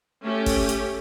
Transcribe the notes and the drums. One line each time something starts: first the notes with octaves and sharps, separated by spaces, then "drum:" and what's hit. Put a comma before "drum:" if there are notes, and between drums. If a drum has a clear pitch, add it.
A3 C#4 G4
drum: kick F#1, open hi-hat
drum: hi-hat